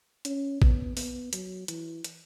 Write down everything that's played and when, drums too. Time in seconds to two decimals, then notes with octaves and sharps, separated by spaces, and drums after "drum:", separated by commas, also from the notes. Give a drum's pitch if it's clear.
0.25 C#4, drum: hi-hat
0.62 B3, drum: kick A1
0.97 B3, drum: open hi-hat
1.33 F#3, drum: hi-hat
1.68 E3, drum: hi-hat
2.04 drum: hi-hat